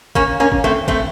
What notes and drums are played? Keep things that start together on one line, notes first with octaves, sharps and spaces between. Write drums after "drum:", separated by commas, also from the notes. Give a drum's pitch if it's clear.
A#3 C#4, drum: kick
A#3 C#4
drum: kick
A3 C4
A3 C4, drum: kick